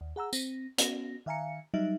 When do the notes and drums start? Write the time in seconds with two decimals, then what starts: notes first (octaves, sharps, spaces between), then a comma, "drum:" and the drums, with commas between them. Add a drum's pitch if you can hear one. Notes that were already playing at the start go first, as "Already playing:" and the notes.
0.01 D#2
0.16 G#4 F#5 A#5 E6
0.33 C4 A#6, drum: tambourine
0.78 B3 C#4 F#4 A#6, drum: hi-hat
1.26 D#3 E5 F5 G#5 A#5 C#7
1.74 F#3 G3 D#4 E5